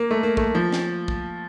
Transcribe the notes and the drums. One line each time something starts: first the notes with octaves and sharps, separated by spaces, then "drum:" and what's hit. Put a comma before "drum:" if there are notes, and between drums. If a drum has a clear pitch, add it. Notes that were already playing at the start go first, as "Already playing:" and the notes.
Already playing: A#3
A3
A#3
A3, drum: kick
F3
drum: snare
drum: kick